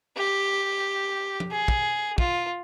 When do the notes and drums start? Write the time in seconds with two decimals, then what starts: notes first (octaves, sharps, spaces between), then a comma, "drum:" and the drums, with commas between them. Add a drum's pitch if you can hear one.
0.17 G4
1.40 drum: tom
1.51 G#4
1.68 drum: kick
2.18 F4, drum: kick